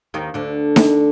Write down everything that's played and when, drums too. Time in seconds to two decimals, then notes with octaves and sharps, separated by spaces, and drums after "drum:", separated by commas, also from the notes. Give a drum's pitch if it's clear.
0.14 D#2 D#3
0.34 D2 D3
0.76 drum: snare D#4